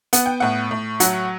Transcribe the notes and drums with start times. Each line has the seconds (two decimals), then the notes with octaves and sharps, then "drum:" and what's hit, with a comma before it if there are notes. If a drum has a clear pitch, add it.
0.13 B3 F#5, drum: hi-hat
0.26 G5
0.40 A2 F#5
0.71 A2
1.00 F#3 F#5, drum: hi-hat